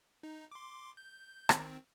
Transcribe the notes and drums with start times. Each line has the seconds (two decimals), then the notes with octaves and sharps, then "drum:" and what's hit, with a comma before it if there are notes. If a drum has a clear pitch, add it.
0.23 D#4
0.51 C6 D6
0.97 G6
1.49 D#3 C4, drum: rim click